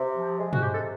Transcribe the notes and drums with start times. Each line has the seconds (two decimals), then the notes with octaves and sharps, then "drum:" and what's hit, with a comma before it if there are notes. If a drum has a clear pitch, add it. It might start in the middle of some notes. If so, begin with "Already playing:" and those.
Already playing: C3
0.16 F3
0.39 G#3
0.53 F#4, drum: tom
0.61 C3 G4
0.72 A4